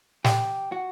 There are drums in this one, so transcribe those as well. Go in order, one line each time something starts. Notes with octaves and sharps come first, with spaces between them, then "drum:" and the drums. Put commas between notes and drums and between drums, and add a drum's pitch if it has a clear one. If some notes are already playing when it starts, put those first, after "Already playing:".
G4, drum: snare
F#4